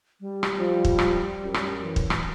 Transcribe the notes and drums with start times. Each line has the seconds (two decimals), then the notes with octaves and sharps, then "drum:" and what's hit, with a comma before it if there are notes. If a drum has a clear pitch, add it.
0.20 G3
0.43 drum: rim click
0.57 F3
0.85 drum: kick
0.99 drum: rim click
1.44 F#2
1.54 drum: rim click
1.82 E3
1.96 drum: kick
2.10 drum: rim click